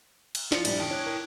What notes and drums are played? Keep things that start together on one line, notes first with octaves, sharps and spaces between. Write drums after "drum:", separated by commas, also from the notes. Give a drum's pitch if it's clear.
drum: cymbal
F3 E4 F4 D5 C7 C#7, drum: snare
A#1 G2 D4 D5 B6, drum: cymbal
D#3 E4 G5 A5
C#5 D6 F#6 G#6
A#4